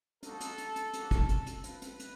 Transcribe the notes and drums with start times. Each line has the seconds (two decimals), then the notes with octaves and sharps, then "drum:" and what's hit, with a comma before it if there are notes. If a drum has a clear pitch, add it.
0.23 A#3 D#4 F#4 A4, drum: hi-hat
0.40 drum: hi-hat
0.58 drum: hi-hat
0.76 drum: hi-hat
0.93 A#3 D4 F#4, drum: hi-hat
1.11 drum: kick, hi-hat
1.29 drum: hi-hat
1.47 drum: hi-hat
1.64 C4 F4 B4, drum: hi-hat
1.82 drum: hi-hat
2.00 drum: hi-hat